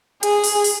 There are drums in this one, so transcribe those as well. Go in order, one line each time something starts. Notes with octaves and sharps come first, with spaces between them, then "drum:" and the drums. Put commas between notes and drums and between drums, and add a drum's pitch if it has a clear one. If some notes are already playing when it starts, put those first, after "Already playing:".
G#4, drum: hi-hat
drum: open hi-hat
drum: open hi-hat